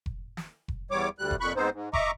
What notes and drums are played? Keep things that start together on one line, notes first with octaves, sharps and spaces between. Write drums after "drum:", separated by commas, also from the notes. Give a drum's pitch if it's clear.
drum: kick F1
drum: snare
drum: kick F1
E2 G3 C#5 D6
D2 G3 F#6
drum: kick F1
F2 A#2 B5 C#6 F#6
G#2 B3 C4 D#4 C5
G#2
D#5 E5 A#5 C#6 D6, drum: kick F1